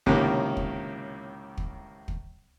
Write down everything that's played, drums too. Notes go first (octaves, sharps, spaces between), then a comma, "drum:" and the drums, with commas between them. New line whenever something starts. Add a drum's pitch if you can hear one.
C#2 A2 C3 D#3 A#3 C#4, drum: kick
drum: kick
drum: kick
drum: kick